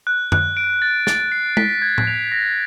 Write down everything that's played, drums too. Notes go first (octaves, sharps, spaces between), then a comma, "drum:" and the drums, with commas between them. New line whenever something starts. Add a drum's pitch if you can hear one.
F#6
F#6, drum: tom F#2
D7
A6
A6, drum: snare
C7
B6, drum: tom G#3
G#6
drum: tom A2
F7
A#6